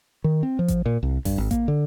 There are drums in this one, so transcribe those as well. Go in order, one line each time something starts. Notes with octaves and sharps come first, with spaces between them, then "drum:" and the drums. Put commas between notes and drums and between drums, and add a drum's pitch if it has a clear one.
D#3
C4
F3
drum: kick A1, hi-hat
A#2
C2
G2, drum: kick A1, open hi-hat
G#1
A#3, drum: kick A1, hi-hat
D3